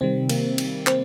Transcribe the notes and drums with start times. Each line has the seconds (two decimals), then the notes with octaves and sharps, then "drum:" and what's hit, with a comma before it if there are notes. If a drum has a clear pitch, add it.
0.01 C3 D#3 G3 C4
0.29 A#3, drum: cymbal
0.58 drum: cymbal
0.87 C4, drum: clap